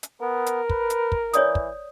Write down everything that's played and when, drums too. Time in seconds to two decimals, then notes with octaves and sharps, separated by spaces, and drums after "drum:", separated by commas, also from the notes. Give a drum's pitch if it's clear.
0.03 drum: hi-hat
0.21 B3 A#4
0.46 drum: hi-hat
0.70 B4, drum: kick
0.90 drum: hi-hat
1.12 drum: kick
1.33 E3 C#5 D5 D#6, drum: hi-hat
1.55 drum: kick